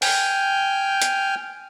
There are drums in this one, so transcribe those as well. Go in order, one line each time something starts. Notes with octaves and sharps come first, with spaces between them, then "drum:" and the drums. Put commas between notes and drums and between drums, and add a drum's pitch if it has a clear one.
G5 G#5 F6 G6, drum: open hi-hat
drum: hi-hat